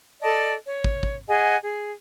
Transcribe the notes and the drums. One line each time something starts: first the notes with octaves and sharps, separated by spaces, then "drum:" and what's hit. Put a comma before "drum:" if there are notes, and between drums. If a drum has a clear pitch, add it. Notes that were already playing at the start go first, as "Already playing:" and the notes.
A4 D5 D#5 A5
C#5
drum: kick
drum: kick
G#4 D#5 F#5 G#5
G#4